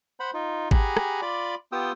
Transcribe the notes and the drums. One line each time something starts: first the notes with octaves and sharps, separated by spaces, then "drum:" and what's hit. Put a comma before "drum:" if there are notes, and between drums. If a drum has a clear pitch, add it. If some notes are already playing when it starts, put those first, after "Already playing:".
C5 F#5 B5
D#4 F4
G4 G#4 F#5 G#5 A#5 B5, drum: kick G#1
drum: rim click
F4 D5 B5 D6
B3 F4 G4 G5 D#6 E6